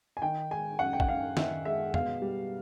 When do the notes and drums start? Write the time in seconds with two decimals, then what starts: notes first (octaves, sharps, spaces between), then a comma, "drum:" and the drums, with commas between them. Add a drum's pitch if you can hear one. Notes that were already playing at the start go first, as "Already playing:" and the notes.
0.17 G#5
0.22 D#3 G5
0.50 G#3 G#5
0.79 F#2 F#5
0.93 G5
1.00 F#5, drum: kick A#1
1.08 F#2 F5
1.37 D#3 E5, drum: snare
1.65 G#3 E5
1.94 B2 F5, drum: tom
2.22 G3